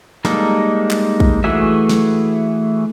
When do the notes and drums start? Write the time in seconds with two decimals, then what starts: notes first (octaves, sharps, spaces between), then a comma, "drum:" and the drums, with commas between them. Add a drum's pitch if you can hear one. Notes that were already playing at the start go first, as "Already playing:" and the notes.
0.25 G3 G#3 A#3 D#4 A4, drum: snare
0.91 drum: clap
1.20 drum: kick
1.44 E3 A3 F#4 G#4 E5
1.89 drum: snare